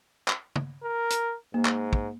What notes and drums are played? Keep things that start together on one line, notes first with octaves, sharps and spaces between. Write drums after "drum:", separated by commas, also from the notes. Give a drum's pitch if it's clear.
drum: clap
drum: tom
A#4
drum: hi-hat
G#2 A#3
drum: clap
drum: kick